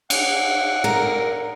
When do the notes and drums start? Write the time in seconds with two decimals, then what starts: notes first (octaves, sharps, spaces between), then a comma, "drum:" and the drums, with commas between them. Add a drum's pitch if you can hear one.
0.10 F#5, drum: cymbal
0.84 A#4